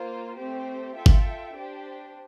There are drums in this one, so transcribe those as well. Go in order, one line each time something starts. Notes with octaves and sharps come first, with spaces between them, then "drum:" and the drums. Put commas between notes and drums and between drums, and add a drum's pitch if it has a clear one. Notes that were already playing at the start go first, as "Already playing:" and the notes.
Already playing: A#3 F4 C5
A3 C4 G4 C5
F4 A4 E5 G5
drum: kick
D4 G4 C5